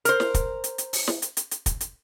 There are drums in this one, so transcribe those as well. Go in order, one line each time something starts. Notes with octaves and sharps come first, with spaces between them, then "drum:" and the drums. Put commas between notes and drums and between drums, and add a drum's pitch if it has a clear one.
A#4 C5, drum: hi-hat
drum: snare
drum: kick, hi-hat
drum: hi-hat
drum: hi-hat
drum: open hi-hat
drum: snare
drum: hi-hat
drum: hi-hat
drum: hi-hat
drum: kick, hi-hat
drum: hi-hat